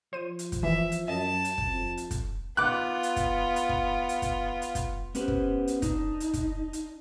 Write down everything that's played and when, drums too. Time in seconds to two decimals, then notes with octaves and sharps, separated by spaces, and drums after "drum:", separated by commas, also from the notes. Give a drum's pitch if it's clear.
0.13 F3 C5 D#7
0.39 drum: hi-hat
0.52 drum: kick, hi-hat
0.63 E3 E5
0.92 drum: hi-hat
1.08 F#2 D#5 A5
1.45 drum: hi-hat
1.58 drum: kick
1.67 F2
1.97 drum: hi-hat
2.11 drum: kick, hi-hat
2.57 B3 F4 D6 F#6
3.03 drum: hi-hat
3.16 drum: kick, hi-hat
3.56 drum: hi-hat
3.69 drum: kick
4.09 drum: hi-hat
4.22 drum: kick, hi-hat
4.62 drum: hi-hat
4.75 drum: kick, hi-hat
5.15 B3 C#4 G4 B4 C5, drum: hi-hat
5.28 drum: kick
5.67 drum: hi-hat
5.82 D4 D#4, drum: kick, hi-hat
6.20 drum: hi-hat
6.34 drum: kick, hi-hat
6.73 drum: hi-hat